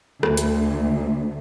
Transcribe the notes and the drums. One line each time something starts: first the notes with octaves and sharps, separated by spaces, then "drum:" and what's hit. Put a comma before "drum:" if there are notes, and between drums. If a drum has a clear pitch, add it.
D2, drum: rim click
drum: hi-hat